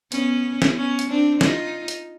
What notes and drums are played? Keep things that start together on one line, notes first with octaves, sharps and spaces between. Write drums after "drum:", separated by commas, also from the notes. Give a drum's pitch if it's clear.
B3 C#4, drum: hi-hat
drum: snare
B3 C#4
drum: hi-hat
C4 D4
D#4 F4, drum: snare
drum: hi-hat